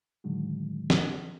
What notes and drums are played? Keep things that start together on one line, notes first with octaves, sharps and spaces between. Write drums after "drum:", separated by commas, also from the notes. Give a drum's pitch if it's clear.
A2 D3 D#3 F#3 G#3
drum: snare